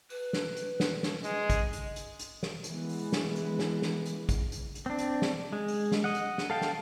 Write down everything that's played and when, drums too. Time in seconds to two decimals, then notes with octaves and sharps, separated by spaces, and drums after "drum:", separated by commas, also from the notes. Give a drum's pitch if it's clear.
0.10 B4, drum: open hi-hat
0.33 drum: snare
0.57 drum: hi-hat
0.80 drum: snare
1.03 drum: snare
1.24 G#3, drum: hi-hat
1.50 drum: kick, hi-hat
1.73 drum: hi-hat
1.96 drum: hi-hat
2.19 drum: hi-hat
2.43 drum: snare
2.64 E3 G#3 B3, drum: hi-hat
2.89 drum: open hi-hat
3.12 drum: snare
3.36 drum: hi-hat
3.59 drum: snare
3.82 drum: snare
4.05 drum: hi-hat
4.29 drum: kick, hi-hat
4.52 drum: hi-hat
4.75 drum: hi-hat
4.86 C4 D4
4.99 drum: hi-hat
5.22 drum: snare
5.53 G#3
5.68 drum: open hi-hat
5.92 drum: snare
6.04 D#5 F#5
6.15 drum: hi-hat
6.38 drum: snare
6.50 A4 F5 G5 A5
6.61 drum: snare